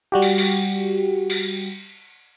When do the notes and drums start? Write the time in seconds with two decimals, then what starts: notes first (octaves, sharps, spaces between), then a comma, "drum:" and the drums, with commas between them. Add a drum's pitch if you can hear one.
0.12 G3 F#4 G4
0.22 drum: cymbal
0.38 drum: cymbal
1.30 drum: cymbal